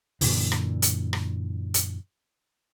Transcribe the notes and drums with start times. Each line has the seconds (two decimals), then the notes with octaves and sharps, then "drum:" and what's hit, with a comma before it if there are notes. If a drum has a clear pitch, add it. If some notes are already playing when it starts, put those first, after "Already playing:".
0.21 F#2 A#2 D3 E3, drum: open hi-hat
0.52 drum: rim click
0.82 drum: hi-hat
1.13 drum: rim click
1.74 drum: hi-hat